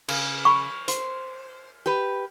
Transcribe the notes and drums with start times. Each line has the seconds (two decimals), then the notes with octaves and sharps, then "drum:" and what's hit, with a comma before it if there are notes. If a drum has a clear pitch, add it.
0.08 C#3, drum: cymbal
0.45 B5 C#6
0.88 C5, drum: hi-hat
1.86 G4 B4